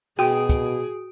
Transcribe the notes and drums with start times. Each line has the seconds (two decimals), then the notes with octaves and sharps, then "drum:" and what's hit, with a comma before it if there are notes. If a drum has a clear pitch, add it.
0.19 B2 F#4 G#4 G5 D#6 D7
0.49 drum: kick, hi-hat